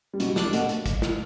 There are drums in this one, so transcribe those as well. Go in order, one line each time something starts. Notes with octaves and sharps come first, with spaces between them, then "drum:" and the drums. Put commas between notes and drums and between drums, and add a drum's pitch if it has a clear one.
G3
B2 F#3, drum: hi-hat
G3 D4, drum: snare
B2 A3, drum: hi-hat
drum: hi-hat
drum: kick, hi-hat
drum: snare